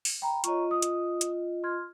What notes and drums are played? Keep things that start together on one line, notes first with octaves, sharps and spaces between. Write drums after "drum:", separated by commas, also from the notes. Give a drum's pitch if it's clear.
drum: open hi-hat
G5 A#5 B5
F4 C#5 D#5 A#5 C#6, drum: hi-hat
D#6
drum: hi-hat
drum: hi-hat
C6 F6 G#6